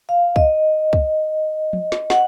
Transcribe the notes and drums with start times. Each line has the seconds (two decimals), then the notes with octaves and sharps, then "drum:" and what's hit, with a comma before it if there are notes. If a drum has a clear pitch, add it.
0.09 F5
0.36 D#5, drum: kick
0.93 drum: kick
1.73 drum: tom F3
1.92 drum: snare
2.10 F#5, drum: snare